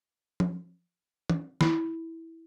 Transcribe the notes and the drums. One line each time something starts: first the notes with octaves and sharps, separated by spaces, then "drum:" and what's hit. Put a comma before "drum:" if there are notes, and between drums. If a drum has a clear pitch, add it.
drum: tom F3
drum: tom
E4, drum: snare